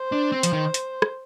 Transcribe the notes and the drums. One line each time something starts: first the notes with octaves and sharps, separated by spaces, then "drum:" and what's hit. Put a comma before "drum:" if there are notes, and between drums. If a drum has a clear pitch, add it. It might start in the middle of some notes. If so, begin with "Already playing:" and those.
Already playing: C5
D4
C4
F3, drum: hi-hat
D#3
drum: hi-hat
drum: rim click